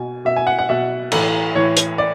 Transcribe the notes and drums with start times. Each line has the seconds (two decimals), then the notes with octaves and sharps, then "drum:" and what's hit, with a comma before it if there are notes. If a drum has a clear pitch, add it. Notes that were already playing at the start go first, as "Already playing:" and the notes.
Already playing: B2 G#5
0.25 B2 E5
0.36 G#5
0.47 F#5
0.59 F#5
0.69 B2 E5
1.12 A2 E3 A4, drum: cymbal
1.55 A2 E3 C#5
1.77 drum: hi-hat
1.98 D5